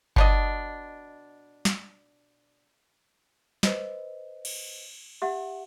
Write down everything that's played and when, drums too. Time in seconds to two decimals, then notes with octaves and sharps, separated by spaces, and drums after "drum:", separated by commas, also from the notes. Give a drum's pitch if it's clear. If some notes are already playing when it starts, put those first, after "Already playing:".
0.16 B2 D4 D#5, drum: kick G1
1.65 drum: snare
3.63 B4 C5 D#5, drum: snare
4.45 drum: cymbal
5.22 G4 E5 F#5